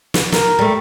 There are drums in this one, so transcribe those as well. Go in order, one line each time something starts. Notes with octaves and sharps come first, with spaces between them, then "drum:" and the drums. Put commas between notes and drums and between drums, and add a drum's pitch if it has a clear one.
drum: snare
A#4, drum: snare
G3 A3